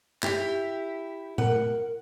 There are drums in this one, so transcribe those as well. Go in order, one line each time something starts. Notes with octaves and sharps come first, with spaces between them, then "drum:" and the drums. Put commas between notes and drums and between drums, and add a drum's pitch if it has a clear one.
E4 G4, drum: clap
A#4 F#5, drum: tom A#2